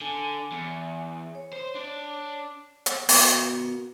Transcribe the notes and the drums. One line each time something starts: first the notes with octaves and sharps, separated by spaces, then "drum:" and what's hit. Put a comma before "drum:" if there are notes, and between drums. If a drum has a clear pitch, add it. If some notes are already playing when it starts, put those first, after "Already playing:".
D3 G#5
E2
C#5
C5
D4
drum: hi-hat
B3 F#4 A#4, drum: open hi-hat